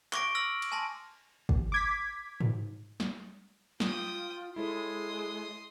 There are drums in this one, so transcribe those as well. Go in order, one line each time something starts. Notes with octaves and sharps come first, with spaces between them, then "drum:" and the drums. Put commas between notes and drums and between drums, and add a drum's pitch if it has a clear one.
C#6 D6 A#6 D7, drum: clap
E6 F6 A#6 F#7
drum: cymbal
G#5 A5 C6 A#6
drum: kick
D6 G#6 B6
drum: tom G#2
drum: snare
F4 G5 D#6, drum: snare
G#3 E4 A4 C#5 C6 D#6